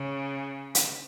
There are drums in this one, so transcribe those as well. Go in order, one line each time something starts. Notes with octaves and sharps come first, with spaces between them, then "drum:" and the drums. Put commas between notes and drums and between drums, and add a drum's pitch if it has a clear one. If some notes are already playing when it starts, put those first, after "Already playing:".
Already playing: C#3
drum: hi-hat